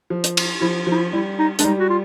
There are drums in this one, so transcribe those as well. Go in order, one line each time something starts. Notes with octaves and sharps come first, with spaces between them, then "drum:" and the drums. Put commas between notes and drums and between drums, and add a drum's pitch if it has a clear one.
F3
drum: hi-hat
drum: cymbal
F3 E4
F3
D#4
E4
G3 E4
D#4
G#3 D4, drum: hi-hat
G3 D#4
F#4
F4